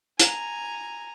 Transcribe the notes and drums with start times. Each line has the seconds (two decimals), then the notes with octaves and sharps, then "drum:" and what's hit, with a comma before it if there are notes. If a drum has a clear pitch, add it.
0.20 G#5 A#5, drum: hi-hat